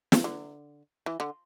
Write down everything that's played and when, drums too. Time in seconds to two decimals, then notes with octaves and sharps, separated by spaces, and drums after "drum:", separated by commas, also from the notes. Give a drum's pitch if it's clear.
0.12 drum: snare
0.24 D3
1.06 E3
1.20 D3